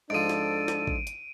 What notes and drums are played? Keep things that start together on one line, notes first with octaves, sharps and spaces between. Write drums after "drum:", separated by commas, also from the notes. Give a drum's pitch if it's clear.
G#2 F3 D4 A4 D7 D#7
drum: snare
drum: snare
drum: kick A1
drum: hi-hat